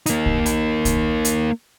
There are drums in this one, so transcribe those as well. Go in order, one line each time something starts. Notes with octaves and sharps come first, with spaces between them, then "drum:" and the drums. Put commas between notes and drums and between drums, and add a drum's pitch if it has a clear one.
A#3 D#4, drum: hi-hat
drum: kick
drum: hi-hat
drum: kick, hi-hat
drum: hi-hat